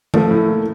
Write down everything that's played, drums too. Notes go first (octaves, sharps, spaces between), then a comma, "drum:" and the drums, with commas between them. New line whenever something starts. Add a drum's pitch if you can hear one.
F3 A3, drum: tom D#3
A2
A#3